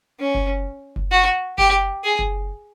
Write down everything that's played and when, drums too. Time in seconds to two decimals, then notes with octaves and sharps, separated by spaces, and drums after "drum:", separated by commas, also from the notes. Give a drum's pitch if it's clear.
0.20 C#4
0.35 drum: kick F#1
0.96 drum: kick F#1
1.11 F#4
1.58 G4, drum: kick F#1
2.04 G#4
2.19 drum: kick F#1